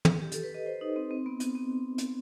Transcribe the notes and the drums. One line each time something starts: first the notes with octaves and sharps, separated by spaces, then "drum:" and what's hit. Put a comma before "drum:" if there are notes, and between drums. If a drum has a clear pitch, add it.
drum: tom
G4
A4, drum: hi-hat
B4
D#5
C5
D#4
C4
C4
B3
C4, drum: hi-hat
C4
drum: hi-hat